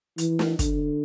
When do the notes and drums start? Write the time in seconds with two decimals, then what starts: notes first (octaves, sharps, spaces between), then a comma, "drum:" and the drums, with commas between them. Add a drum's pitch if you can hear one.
0.18 E3, drum: hi-hat
0.39 drum: snare
0.59 D3, drum: kick, hi-hat